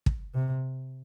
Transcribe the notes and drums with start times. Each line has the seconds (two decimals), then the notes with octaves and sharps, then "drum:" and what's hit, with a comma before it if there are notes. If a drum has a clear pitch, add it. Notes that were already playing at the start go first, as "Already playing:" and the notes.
0.06 drum: kick
0.34 C3